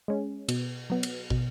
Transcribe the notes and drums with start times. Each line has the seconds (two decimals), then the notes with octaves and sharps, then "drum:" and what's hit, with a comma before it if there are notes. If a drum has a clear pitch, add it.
0.08 G#3 C#4
0.49 B2, drum: cymbal
0.90 F#3 B3
1.03 drum: cymbal
1.30 B2, drum: kick